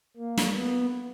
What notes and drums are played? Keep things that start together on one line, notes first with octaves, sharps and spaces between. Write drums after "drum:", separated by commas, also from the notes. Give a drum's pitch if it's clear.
A#3
drum: snare
B3